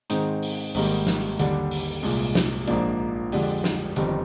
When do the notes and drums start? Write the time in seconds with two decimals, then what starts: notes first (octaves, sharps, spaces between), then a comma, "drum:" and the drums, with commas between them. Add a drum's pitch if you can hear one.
0.10 G#2 D#3 G#3 C4 D#4, drum: hi-hat
0.42 drum: open hi-hat
0.75 G#1 G#2 D#3 G3 A#3, drum: open hi-hat
1.07 drum: snare
1.39 D#2 D3 G3 D4, drum: hi-hat
1.71 drum: open hi-hat
2.03 C2 A#2 G#3, drum: open hi-hat
2.35 drum: snare
2.67 A#1 G#2 F3 A#3 D4, drum: hi-hat
3.32 F2 D3 G#3 D4 G4, drum: open hi-hat
3.64 drum: snare
3.96 G1 F2 D#3 G3 C4, drum: hi-hat